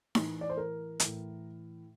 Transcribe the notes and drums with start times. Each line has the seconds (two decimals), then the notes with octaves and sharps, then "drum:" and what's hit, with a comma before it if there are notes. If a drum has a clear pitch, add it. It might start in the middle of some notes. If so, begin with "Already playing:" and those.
0.15 A2 E3, drum: snare D#4
0.41 D5
0.50 C5
0.57 A#4
1.00 A2 E3, drum: hi-hat